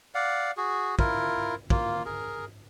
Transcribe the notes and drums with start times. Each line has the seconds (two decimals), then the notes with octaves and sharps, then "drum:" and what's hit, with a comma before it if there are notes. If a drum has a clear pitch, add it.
0.15 D5 F5 F#5
0.57 F#4 G#4
0.99 E4 F4 A#4, drum: kick
1.70 A#3 F4, drum: kick
2.05 G#4 A#4